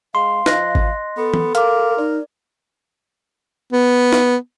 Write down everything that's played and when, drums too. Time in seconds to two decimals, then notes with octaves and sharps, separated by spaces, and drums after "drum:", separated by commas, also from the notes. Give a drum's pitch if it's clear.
0.15 G#3 F5 C6
0.46 F3 D#5 F#6 A#6, drum: snare
0.75 drum: kick G#1
1.17 B3 A4
1.34 drum: tom
1.55 A#4 F5 D6, drum: hi-hat
1.98 D#4 D5
3.73 B3
4.13 drum: snare